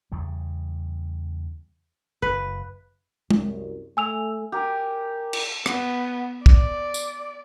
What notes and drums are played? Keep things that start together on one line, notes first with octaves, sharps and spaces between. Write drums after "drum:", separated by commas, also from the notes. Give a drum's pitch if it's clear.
E2 C#3 G3
F#1 B4
C2 F#2, drum: tom
A3 G#5 E6 F7
G4 A#4 G#5 A#5
drum: cymbal
B3, drum: rim click
D5, drum: kick
drum: tambourine